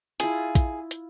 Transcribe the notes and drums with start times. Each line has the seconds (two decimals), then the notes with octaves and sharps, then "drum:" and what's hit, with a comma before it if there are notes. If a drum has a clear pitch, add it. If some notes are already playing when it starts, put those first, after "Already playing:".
0.20 E4 F4 G#4, drum: hi-hat
0.55 drum: kick, hi-hat
0.91 drum: hi-hat